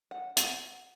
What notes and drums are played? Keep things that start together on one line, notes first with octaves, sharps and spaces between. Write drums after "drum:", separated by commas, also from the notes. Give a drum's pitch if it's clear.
F#5
F#5, drum: hi-hat